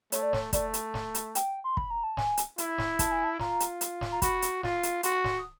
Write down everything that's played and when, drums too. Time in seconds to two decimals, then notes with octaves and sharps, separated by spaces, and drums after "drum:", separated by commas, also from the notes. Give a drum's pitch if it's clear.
0.12 A3 C#5, drum: hi-hat
0.23 D5
0.33 C#5, drum: snare
0.53 A3 D5, drum: kick, hi-hat
0.74 drum: hi-hat
0.94 drum: snare
1.15 drum: hi-hat
1.35 G5, drum: hi-hat
1.64 C6
1.77 B5, drum: kick
1.91 A#5
2.03 A5
2.17 G#5, drum: snare
2.37 drum: hi-hat
2.58 E4, drum: hi-hat
2.78 drum: snare
2.99 A5, drum: kick, hi-hat
3.12 G#5
3.24 A5
3.40 F4 A#5, drum: snare
3.60 drum: hi-hat
3.81 drum: hi-hat
4.01 drum: snare
4.12 A#5
4.22 F#4 B5, drum: kick, hi-hat
4.42 drum: hi-hat
4.63 F4, drum: snare
4.83 drum: hi-hat
5.03 F#4 C6, drum: hi-hat
5.13 C#6
5.24 C6, drum: snare
5.39 D#6